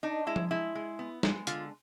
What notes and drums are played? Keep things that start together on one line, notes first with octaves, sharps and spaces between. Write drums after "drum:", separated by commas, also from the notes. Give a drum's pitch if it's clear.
D4 D#4
G#3 E4
drum: tom F3
G#3 E4
G#3
B3
G#3, drum: snare
D3 F4, drum: hi-hat